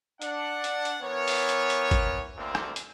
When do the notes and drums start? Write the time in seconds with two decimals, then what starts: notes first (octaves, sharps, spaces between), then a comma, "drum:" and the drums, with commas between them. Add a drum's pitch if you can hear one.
0.22 D4 F#5, drum: hi-hat
0.64 drum: hi-hat
0.85 drum: hi-hat
1.03 E3 B3 A#4 C#5
1.28 drum: open hi-hat
1.49 drum: hi-hat
1.70 drum: hi-hat
1.91 drum: kick, hi-hat
2.38 D2 A#3 C4
2.55 drum: rim click
2.76 drum: hi-hat